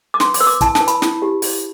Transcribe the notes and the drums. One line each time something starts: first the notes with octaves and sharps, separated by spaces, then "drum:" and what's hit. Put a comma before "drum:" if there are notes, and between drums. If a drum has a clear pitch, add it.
D6
B4 C6, drum: snare
D6, drum: open hi-hat
B4 E6
D6
E4 A5, drum: kick, hi-hat
A5, drum: snare
B4
B5, drum: hi-hat
E4, drum: snare
G4
G4, drum: open hi-hat